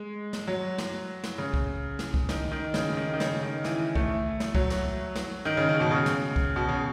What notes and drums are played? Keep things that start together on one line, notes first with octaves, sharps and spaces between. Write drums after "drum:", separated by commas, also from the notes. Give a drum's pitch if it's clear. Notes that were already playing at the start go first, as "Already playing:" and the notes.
Already playing: G#3
drum: snare
F#3
drum: snare
drum: snare
C#3
drum: kick C2
drum: snare
drum: kick C2
D#3, drum: snare
D#3
C#3, drum: snare
D#3
D#3
C#3, drum: snare
D#3
E3, drum: snare
A3, drum: kick C2
drum: snare
F#3, drum: kick C2
drum: snare
drum: snare
D#3
C#3
C#3
B2
C#3
drum: snare
drum: kick C2
B2
C#3